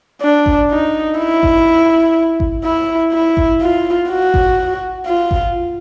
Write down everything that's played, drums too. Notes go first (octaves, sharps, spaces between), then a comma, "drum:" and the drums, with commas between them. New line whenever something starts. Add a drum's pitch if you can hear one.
D4
drum: kick G#1
D#4
E4
drum: kick G#1
drum: kick G#1
E4
E4
drum: kick G#1
F4
F#4
drum: kick G#1
F4
drum: kick G#1